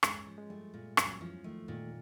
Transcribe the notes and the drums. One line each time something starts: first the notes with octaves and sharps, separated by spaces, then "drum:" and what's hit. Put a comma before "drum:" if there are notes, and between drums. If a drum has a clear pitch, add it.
G#2 G#3 C#4, drum: rim click
F3
G#3
G2 G3 A3
A#2
F#2 F#3 C#4, drum: rim click
E2 E3 F3
D#2 D#3 A3
D#2 A#2 D#3